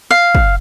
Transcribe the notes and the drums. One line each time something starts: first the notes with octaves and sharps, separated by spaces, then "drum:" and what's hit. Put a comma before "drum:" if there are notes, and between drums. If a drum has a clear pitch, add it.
F5
drum: kick